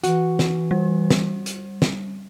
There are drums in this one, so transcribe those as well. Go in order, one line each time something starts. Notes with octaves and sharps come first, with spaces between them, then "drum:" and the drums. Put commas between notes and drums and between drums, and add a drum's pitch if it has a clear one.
E3 F#4, drum: hi-hat
drum: snare
G3
drum: snare
drum: hi-hat
drum: snare